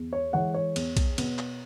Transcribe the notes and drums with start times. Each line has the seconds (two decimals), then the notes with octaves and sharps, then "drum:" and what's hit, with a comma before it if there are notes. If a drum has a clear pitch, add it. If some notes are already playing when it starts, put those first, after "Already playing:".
Already playing: E2
0.13 C#5
0.33 E3 G#3 C#5 F#5
0.54 C#5
0.76 E2, drum: cymbal
0.97 drum: kick B1, cymbal
1.18 B2 B3, drum: cymbal
1.39 drum: clap